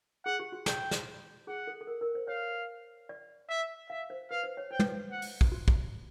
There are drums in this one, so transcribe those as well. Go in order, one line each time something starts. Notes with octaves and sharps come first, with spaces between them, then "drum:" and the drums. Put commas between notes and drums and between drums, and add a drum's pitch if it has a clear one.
G#4 F#5
G4
F#4
G4 G5, drum: snare
drum: snare
G#4 F#5
A4
A4
A#4
A#4
C5
C#5 F5
D5
E5
E5 F5
C5
B4 F5
C5
C#5
C5 G5
B4, drum: tom
C5
F#5
drum: open hi-hat
drum: kick
F#4
drum: kick